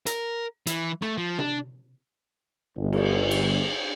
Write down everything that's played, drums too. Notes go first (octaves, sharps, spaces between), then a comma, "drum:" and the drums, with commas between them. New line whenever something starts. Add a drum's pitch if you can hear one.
A#4, drum: hi-hat
E3, drum: hi-hat
A3, drum: rim click
F3
D4, drum: tom C3
G1
drum: cymbal
drum: cymbal